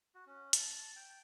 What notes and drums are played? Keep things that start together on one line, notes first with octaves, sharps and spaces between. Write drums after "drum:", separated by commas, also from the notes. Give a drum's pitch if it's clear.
F#4
C#4
A5, drum: hi-hat
A5
G5